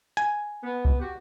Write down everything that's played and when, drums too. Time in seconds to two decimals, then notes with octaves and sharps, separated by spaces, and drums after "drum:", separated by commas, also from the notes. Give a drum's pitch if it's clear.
0.17 G#5
0.64 B3
0.85 drum: kick C2
1.00 F#4 G4